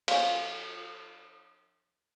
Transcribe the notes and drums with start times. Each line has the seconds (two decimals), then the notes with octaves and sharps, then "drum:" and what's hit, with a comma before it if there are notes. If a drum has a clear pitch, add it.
0.08 F3 C#4, drum: cymbal